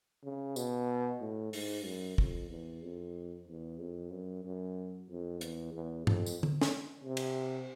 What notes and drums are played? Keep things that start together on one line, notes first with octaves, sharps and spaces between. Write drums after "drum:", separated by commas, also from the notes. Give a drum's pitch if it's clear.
C#3
B2, drum: tambourine
A2
G#2, drum: open hi-hat
F#2
F2, drum: kick
E2
F2
E2
F2
F#2
F#2
F2
E2, drum: hi-hat
E2
F2, drum: tom G2
drum: tambourine
drum: tom D3
drum: snare
C3
drum: cymbal